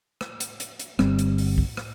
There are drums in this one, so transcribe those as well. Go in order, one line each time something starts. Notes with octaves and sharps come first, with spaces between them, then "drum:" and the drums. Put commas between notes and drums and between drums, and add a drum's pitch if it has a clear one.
drum: rim click
drum: hi-hat
drum: hi-hat
drum: hi-hat
G1 G3 C4, drum: rim click
drum: hi-hat
drum: open hi-hat
drum: kick
drum: rim click